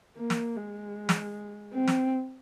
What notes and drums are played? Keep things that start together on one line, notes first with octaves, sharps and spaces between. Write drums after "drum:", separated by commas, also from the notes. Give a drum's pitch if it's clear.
A#3
drum: snare
G#3
drum: snare
C4
drum: snare